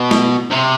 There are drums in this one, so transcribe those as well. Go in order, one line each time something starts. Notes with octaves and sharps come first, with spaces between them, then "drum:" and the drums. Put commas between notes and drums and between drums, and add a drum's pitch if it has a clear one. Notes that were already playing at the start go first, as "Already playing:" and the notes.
Already playing: B2
drum: snare
C3